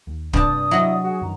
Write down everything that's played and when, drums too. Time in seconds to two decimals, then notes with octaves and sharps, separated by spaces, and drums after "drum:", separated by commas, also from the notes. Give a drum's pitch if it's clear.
0.07 D#2
0.33 G2 C3 D5 A5 D#6, drum: kick D1
0.71 F#3 E4 D#5
1.04 F#4 G#4
1.22 F#2 D#3 A#5